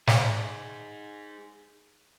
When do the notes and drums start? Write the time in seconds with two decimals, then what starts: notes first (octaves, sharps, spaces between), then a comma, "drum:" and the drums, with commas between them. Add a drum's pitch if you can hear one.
0.07 D#4 G#4, drum: snare